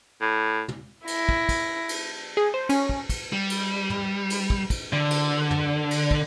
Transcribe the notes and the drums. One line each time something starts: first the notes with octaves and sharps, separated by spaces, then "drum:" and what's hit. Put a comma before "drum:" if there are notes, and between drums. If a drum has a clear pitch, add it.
A2
drum: tom
E4 A#6, drum: cymbal
drum: kick
drum: kick, cymbal
drum: cymbal
G#4
C5
C#4, drum: cymbal
drum: kick
drum: kick, cymbal
G3
drum: cymbal
drum: tom
drum: cymbal
drum: kick
drum: kick, cymbal
D3
drum: cymbal
drum: tom
drum: cymbal
drum: kick